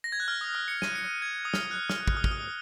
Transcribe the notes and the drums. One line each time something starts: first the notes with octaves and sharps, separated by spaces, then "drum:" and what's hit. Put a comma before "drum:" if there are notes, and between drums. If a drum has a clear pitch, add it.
A#6
G#6
F#6
F6
D#6
F6
C#7
D#7, drum: snare
C#7
G#6
D#6
F6, drum: snare
F#6
F6, drum: snare
drum: kick
D#6
F6, drum: kick
D#6